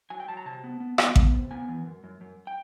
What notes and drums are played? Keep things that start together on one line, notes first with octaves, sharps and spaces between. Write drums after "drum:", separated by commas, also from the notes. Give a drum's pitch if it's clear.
F#3 G#5
G5
F#3 A5
A#5
C3 A5
B3
B3
B3, drum: rim click
B3, drum: kick A1
C3
B3 G#5
E3
F#2
F#2
F#2
G5